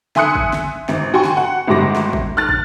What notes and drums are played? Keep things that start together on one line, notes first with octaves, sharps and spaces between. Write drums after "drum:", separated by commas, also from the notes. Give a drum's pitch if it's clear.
E5 G#5 C6 D#6 F#6 C#7, drum: snare
drum: kick
drum: snare
G#1, drum: snare
F#4 G5 G#5 C6 C#6
drum: snare
F#5
G1 A2 G#3 F#4 D6 A#6
drum: snare
drum: kick
F6 F#6 A6
drum: kick